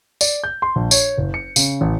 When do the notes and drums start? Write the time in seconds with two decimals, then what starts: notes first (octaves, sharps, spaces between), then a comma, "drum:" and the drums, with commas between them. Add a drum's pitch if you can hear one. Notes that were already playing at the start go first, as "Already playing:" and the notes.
0.21 D5, drum: tambourine
0.44 G6
0.62 C6
0.76 A#1
0.91 C#5, drum: tambourine
1.18 F#1
1.34 C#7
1.56 C#3, drum: tambourine
1.81 A1